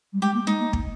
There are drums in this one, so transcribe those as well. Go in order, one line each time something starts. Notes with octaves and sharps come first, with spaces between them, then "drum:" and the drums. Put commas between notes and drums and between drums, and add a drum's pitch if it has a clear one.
G3
G#3 G4
A#3
G#3 D#4
A#3
drum: kick